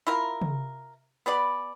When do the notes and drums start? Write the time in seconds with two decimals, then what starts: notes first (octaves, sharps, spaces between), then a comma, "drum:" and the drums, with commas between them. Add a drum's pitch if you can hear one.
0.07 E4 F4 A#4
0.42 drum: tom
1.26 B3 G#4 D5 B5